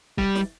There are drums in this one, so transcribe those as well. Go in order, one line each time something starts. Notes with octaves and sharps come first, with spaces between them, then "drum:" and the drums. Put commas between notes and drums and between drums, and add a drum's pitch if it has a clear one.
G3, drum: kick C#1
drum: snare